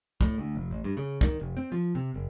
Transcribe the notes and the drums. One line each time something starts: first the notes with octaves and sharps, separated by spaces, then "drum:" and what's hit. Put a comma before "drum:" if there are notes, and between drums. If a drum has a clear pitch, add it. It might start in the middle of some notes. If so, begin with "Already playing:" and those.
A2, drum: kick
D2
F1
A1
G2
C#3
D#3, drum: kick
F1
C4
F3
C3
F#1